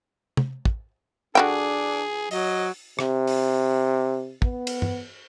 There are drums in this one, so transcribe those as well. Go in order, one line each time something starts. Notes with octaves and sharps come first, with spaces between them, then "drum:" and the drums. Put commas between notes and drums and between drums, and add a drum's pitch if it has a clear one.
drum: tom
drum: kick
D3 D4 F#4 G#4 G5
F#3 D#5, drum: open hi-hat
C3, drum: rim click
drum: open hi-hat
B3, drum: kick
drum: cymbal
drum: tom G2